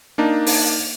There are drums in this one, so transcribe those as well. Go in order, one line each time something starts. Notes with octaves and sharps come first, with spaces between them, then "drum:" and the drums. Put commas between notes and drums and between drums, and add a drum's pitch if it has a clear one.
A#3 D4 D#4
drum: open hi-hat